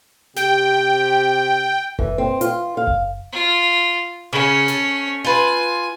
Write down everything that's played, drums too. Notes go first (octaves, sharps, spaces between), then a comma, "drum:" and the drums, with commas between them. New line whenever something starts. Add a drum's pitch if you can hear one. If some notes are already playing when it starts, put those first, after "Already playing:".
C3 G4 G5, drum: snare
E3, drum: kick F#1
C4
F4, drum: hi-hat
F5
drum: kick F#1
F4
C#3 C#4 A#4
A3, drum: snare
F4 B4 G#5